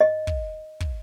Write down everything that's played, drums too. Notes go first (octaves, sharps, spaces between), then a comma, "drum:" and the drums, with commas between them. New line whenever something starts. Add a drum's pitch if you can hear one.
D#5
drum: kick
drum: kick